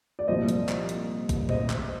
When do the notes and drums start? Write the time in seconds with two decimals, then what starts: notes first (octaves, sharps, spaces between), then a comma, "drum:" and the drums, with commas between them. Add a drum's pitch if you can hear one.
0.19 D5
0.28 C2 A#2 F3 C5 D#5
0.49 drum: hi-hat
0.69 drum: clap
0.89 drum: hi-hat
1.29 drum: kick, hi-hat
1.49 C5 D#5, drum: tom A#2
1.70 drum: clap